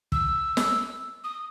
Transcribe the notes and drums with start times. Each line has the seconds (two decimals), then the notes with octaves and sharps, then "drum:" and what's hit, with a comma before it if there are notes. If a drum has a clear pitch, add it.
0.12 E6, drum: kick
0.57 drum: snare
1.24 D#6